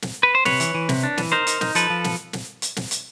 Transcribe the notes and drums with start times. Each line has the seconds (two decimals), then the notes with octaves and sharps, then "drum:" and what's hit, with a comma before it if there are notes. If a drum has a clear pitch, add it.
0.02 drum: snare
0.23 B4
0.35 C5
0.45 C3 B4 C#5, drum: snare
0.60 E3, drum: hi-hat
0.74 E3
0.89 C3, drum: snare
1.03 D4
1.18 E3, drum: snare
1.32 D#4 A#4 C5
1.47 D#4, drum: hi-hat
1.61 D#4, drum: snare
1.75 F3 A4 B4, drum: hi-hat
1.90 F3
2.04 drum: snare
2.33 drum: snare
2.62 drum: hi-hat
2.76 drum: snare
2.91 drum: hi-hat